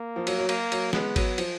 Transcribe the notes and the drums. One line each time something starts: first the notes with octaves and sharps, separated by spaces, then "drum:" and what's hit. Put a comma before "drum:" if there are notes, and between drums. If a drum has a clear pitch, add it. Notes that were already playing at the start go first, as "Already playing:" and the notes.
Already playing: A#3
F3
F#3, drum: cymbal
F#3
A#3, drum: cymbal
F#3, drum: cymbal
G#3 B3, drum: snare
F#3, drum: kick G#1, cymbal
F3, drum: cymbal